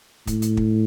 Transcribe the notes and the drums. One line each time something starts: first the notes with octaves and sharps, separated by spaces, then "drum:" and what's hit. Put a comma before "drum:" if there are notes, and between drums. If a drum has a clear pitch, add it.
A2, drum: kick, hi-hat
drum: hi-hat
drum: kick